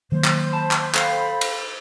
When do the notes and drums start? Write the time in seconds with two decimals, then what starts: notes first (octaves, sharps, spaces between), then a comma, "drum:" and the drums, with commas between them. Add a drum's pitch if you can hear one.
0.12 D#3 F#3 A#3 C5
0.24 drum: clap
0.53 A5 B5
0.71 drum: clap
0.95 A4 F5 G5, drum: clap
1.41 drum: cymbal